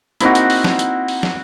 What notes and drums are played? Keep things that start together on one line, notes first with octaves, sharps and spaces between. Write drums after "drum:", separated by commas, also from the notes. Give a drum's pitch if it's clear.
A#3 C4 D#4 E4 F#4, drum: hi-hat
drum: hi-hat
drum: open hi-hat
drum: snare
drum: hi-hat
drum: open hi-hat
drum: snare